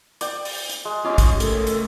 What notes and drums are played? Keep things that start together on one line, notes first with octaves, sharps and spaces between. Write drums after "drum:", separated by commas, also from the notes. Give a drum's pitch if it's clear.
D5 G5, drum: hi-hat
drum: open hi-hat
drum: hi-hat
G#3
C#4 F4 G4 D#5 D6
drum: kick, hi-hat
A3 A4 A#4 C#5, drum: hi-hat
drum: hi-hat